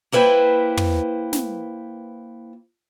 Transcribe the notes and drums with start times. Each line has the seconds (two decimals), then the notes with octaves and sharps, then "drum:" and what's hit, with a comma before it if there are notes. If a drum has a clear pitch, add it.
0.12 A#3 E4 B4 C5 G5
0.77 drum: tom
1.33 drum: snare